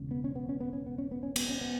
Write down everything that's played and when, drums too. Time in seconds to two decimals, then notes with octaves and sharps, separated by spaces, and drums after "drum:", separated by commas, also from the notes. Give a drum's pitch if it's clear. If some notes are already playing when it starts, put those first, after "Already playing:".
Already playing: E1 C#3
0.11 B3
0.24 C#4
0.35 B3
0.49 C#4
0.60 B3
0.73 C#4
0.86 B3
0.98 C#4
1.11 B3
1.23 C#4
1.36 B3, drum: cymbal
1.49 C#4
1.61 B3